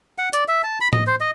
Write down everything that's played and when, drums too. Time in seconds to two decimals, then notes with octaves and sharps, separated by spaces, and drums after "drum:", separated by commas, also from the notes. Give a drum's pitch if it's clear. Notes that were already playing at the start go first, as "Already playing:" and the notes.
0.18 F#5
0.33 D5, drum: hi-hat
0.48 E5
0.64 A5
0.81 B5
0.93 D#5, drum: tom A2
1.07 C5
1.21 D#5